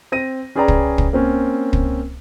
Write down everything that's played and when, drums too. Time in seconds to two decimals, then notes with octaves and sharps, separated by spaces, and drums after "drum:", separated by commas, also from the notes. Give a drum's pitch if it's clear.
0.12 C4 A#6 D#7
0.55 C#4 G#4 B4 D5 G5 A#5
0.68 drum: kick
0.98 drum: kick
1.13 A#3 C4 C#4
1.73 drum: kick